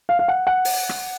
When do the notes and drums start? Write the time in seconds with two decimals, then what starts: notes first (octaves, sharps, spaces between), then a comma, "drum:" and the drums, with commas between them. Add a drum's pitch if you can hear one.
0.09 F5
0.19 F5
0.28 F#5
0.47 F#5
0.65 drum: open hi-hat
0.89 drum: rim click